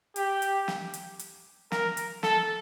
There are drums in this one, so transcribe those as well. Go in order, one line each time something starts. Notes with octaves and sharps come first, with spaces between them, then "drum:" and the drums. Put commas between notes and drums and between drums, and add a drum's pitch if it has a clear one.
G4, drum: hi-hat
drum: hi-hat
drum: snare
drum: hi-hat
drum: hi-hat
A#4, drum: snare
drum: hi-hat
A4, drum: snare